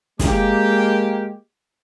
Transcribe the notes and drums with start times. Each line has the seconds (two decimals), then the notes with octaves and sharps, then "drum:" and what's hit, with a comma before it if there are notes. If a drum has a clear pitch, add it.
0.19 G#3 A#3 G4, drum: snare